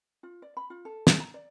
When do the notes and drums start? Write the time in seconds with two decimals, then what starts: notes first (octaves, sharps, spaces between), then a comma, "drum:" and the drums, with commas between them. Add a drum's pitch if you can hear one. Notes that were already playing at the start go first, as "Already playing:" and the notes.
0.23 F4
0.42 D5
0.57 B5
0.70 F4
0.85 A4
1.07 G#4, drum: snare
1.20 A#5
1.34 D5